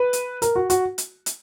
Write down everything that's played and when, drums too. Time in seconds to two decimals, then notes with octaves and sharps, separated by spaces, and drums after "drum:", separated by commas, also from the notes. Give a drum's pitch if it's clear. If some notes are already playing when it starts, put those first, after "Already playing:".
Already playing: B4
0.13 drum: hi-hat
0.42 A#4, drum: hi-hat
0.56 F#4
0.70 F#4, drum: hi-hat
0.98 drum: hi-hat
1.26 drum: hi-hat